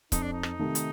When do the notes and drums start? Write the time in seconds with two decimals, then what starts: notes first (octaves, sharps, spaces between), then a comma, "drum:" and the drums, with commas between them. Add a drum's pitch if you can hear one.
0.12 F2 D#4, drum: kick C#1, hi-hat
0.22 D4
0.33 D#4
0.43 drum: rim click
0.59 C3 D#3 A3
0.75 drum: hi-hat